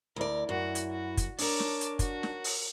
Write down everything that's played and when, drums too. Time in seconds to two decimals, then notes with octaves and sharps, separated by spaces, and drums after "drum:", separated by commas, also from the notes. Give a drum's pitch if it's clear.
0.16 D2 E4 A#4 D5
0.49 F#2 F#4
0.75 drum: hi-hat
0.91 F#4
1.17 drum: kick, hi-hat
1.39 D4 A#4 C#5 A5 D6, drum: open hi-hat
1.60 drum: snare
1.81 drum: hi-hat
1.99 F#4, drum: kick, hi-hat
2.23 drum: snare
2.44 drum: open hi-hat